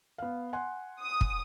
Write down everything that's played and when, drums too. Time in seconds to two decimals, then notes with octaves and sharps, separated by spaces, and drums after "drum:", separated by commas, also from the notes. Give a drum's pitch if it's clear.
0.18 B3 F5
0.53 F#5 G#5 C6
1.01 D#6
1.21 drum: kick